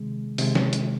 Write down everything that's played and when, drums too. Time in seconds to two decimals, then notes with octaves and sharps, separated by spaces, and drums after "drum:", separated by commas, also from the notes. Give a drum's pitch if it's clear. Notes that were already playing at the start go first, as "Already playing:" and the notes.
Already playing: C3 D#3 G#3
0.38 C3 D#3 G#3, drum: open hi-hat
0.55 drum: snare
0.73 drum: hi-hat